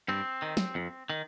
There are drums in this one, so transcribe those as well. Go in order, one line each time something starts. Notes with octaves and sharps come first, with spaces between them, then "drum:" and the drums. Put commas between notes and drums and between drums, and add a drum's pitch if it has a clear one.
G2 C4
D#3
drum: snare
F2
D#3